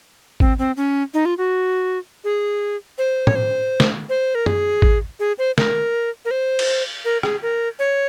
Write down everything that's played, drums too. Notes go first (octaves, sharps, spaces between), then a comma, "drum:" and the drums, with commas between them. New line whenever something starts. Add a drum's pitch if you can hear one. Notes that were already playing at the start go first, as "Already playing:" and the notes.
C4, drum: kick G#1
C4
C#4
D#4
F4
F#4
G#4
C5
C#5, drum: tom
C5
drum: snare
C5
A#4
G#4, drum: tom F#2
drum: kick G#1
G#4
C5
A#4, drum: snare
A#4
C5
drum: cymbal
A#4
G#4, drum: rim click
A#4
C#5